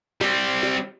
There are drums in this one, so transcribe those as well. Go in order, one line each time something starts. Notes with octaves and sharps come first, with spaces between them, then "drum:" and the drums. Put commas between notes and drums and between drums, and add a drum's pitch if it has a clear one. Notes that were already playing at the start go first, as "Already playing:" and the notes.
G3 C4, drum: snare
drum: snare